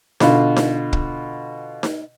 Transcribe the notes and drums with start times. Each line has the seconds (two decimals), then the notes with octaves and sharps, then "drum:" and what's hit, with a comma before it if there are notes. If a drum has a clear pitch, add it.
0.20 B2 D3 F4, drum: snare D#4
0.56 drum: snare D#4
0.93 drum: kick
1.83 drum: snare D#4